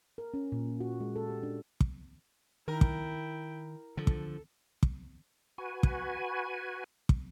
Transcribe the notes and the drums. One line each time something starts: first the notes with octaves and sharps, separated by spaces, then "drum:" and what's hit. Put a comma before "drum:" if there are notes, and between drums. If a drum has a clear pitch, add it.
A#4
C#4
A#2
F4
F#4
G#3
A4
G4
D4
drum: kick
D#3 E4 A#4 G5
drum: kick
D3 F3 A4
drum: kick
drum: kick
F#4 B4 G#5
drum: kick
drum: kick